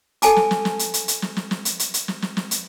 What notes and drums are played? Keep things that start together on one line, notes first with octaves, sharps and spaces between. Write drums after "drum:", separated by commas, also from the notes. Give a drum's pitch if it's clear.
A4 G#5 A5 D6, drum: hi-hat
drum: snare
drum: snare
drum: snare
drum: hi-hat
drum: hi-hat
drum: hi-hat
drum: snare
drum: snare
drum: snare
drum: hi-hat
drum: hi-hat
drum: hi-hat
drum: snare
drum: snare
drum: snare
drum: hi-hat